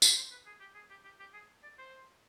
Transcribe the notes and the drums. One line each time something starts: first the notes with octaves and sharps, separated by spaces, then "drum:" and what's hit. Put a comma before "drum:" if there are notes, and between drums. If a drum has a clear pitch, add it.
D5, drum: tambourine
C5
B4
G#4
G4
G#4
G4
G4
G4
G#4
D5
C5